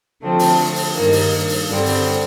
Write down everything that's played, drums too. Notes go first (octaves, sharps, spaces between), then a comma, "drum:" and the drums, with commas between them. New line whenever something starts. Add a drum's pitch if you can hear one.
D3 F3 A3 C4
drum: open hi-hat
drum: open hi-hat
G2 D#3 A#3
drum: open hi-hat
drum: open hi-hat
G2 D3 G3 C4
drum: open hi-hat